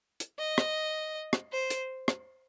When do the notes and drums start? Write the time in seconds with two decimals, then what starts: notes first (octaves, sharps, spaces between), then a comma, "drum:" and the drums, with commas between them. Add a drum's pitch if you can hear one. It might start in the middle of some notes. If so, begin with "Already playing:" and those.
0.20 drum: hi-hat
0.38 D#5
0.58 drum: rim click
1.33 drum: rim click
1.52 C5
1.70 drum: hi-hat
2.08 drum: rim click